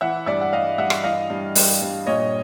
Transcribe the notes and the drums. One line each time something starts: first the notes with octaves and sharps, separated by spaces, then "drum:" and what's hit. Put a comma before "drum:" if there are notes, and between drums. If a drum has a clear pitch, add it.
E3 E5 F#5
G2 D5 E5
F#5
G3 D#5 F5
G2 E5 F#5
drum: rim click
E3 D#5 F5
G2
G3, drum: open hi-hat
G2
A#2 C#5 D#5